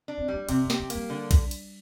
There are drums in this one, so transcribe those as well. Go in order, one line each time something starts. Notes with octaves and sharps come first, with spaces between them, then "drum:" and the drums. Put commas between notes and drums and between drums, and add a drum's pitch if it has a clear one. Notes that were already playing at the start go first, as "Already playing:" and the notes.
D4
C4
G3 A#3
C3 C4, drum: cymbal
C4
G4, drum: snare
C4
G3 A#3, drum: cymbal
D3
drum: kick A#1, cymbal
drum: cymbal